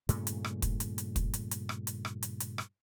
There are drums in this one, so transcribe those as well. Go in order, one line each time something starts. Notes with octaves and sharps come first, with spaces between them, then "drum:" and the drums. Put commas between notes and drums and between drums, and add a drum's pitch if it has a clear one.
G2 A#2 C#3 A3, drum: hi-hat
drum: hi-hat
drum: rim click
drum: kick, hi-hat
drum: hi-hat
drum: hi-hat
drum: kick, hi-hat
drum: hi-hat
drum: hi-hat
drum: rim click
drum: hi-hat
drum: rim click
drum: hi-hat
drum: hi-hat
drum: rim click